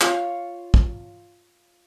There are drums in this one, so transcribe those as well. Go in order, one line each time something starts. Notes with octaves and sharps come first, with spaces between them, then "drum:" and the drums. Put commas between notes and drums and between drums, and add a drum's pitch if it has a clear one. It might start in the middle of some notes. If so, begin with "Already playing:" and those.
F4 C#5, drum: clap
drum: kick